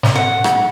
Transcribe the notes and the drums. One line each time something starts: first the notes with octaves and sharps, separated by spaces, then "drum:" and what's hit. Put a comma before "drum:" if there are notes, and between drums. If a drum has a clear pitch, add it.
drum: snare
F#5
drum: rim click